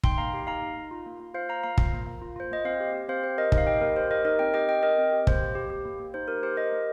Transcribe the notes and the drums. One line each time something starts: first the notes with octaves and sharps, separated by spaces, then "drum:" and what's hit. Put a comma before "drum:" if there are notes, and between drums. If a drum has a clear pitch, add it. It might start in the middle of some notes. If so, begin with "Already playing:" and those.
D#4 G5 C6, drum: kick
A#3 F5 A#5
G4
D#4 F5 A#5
D#4
A#3
F4
A#3
A#3
F4 C5 F5
F4 F5 A#5
A#3 F5 A#5
F4, drum: kick
A#3
A#3
F4
F4 C5
A#3 D#5
C4 C5 F5
G4
G4
C4 C5 F5
G4 C5
G4 A#4 D#5
D#4, drum: kick
F5
G4 D#5 G5
A#3 A#4
G4 C5
G4 A#4 D#5
D#4 A#4 D#5
C4 D#5 G5
G4 D#5 G5
C4 D#5 G5
C4 A#4 D#5
C4
G4
A#3 C5, drum: kick
G4
G4
G4
A#3
A#3
D#4 C5
G4 A#4
G4 C5
G4 A#4 D#5
A#3